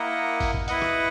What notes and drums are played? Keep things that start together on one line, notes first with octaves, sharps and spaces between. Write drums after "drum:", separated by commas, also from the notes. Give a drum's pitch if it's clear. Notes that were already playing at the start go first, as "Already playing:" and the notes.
Already playing: A#3 E4 A#4 D#5 F#5
drum: kick, open hi-hat
drum: kick
E4 B4 D#5 F#5, drum: hi-hat
drum: rim click